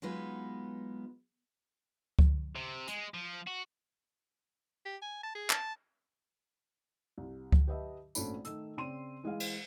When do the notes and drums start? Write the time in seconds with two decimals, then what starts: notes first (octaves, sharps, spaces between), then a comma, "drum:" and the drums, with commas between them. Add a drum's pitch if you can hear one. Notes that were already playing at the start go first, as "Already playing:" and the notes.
0.02 F#3 G#3 B3 D#4 F4 B4
2.19 drum: kick C#2
2.55 C3
2.88 G#3, drum: hi-hat
3.14 F3
3.47 F#4
4.85 G4
5.02 G#5
5.23 A5
5.35 G#4
5.50 A5, drum: clap
7.18 C2
7.52 drum: kick C#2
7.67 G4 B4 D#5 E5 A5
8.15 G#1 A#2 A3 C#4 D4 B5, drum: tambourine
8.45 D#3 A3 E6, drum: hi-hat
8.77 C#3 C4 D5 C6 D#7
9.23 E3 G#3 G#4 F5
9.40 drum: cymbal